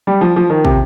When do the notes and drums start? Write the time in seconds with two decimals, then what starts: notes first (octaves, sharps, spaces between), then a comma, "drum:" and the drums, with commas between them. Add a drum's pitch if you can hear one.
0.07 G3
0.21 F3
0.36 F3
0.50 D#3
0.65 C3, drum: kick